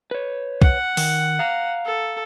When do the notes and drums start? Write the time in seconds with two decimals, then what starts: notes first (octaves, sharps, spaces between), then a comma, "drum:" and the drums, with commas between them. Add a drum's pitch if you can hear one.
0.11 B4 C#5
0.62 F#5, drum: kick
0.97 D#3, drum: open hi-hat
1.39 F5 A#5
1.85 A4